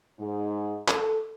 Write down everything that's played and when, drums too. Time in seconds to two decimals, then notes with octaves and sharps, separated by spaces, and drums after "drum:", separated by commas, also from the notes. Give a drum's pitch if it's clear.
0.19 G#2
0.88 A4, drum: clap